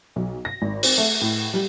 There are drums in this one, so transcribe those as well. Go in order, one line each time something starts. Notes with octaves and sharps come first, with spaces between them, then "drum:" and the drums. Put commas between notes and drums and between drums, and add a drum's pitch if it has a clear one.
B1
A#6
G#1
C4, drum: open hi-hat
A3
A2
G3